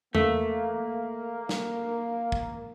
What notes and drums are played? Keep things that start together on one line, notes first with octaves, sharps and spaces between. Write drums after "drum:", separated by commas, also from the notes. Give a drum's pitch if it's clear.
A3 A#3, drum: tom E2
drum: snare
drum: kick